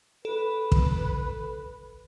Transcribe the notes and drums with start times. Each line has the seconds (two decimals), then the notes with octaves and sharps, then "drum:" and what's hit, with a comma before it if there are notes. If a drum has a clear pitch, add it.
0.25 A4 B4
0.72 drum: kick